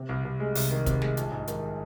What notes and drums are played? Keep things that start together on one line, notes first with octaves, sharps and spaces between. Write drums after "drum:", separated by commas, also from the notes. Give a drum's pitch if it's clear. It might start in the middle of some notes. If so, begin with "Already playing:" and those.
Already playing: C3
C2
C2
G#3
C2, drum: open hi-hat
D#3
C3, drum: kick, hi-hat
G#3, drum: snare
A#1, drum: hi-hat
G#2
D#3, drum: hi-hat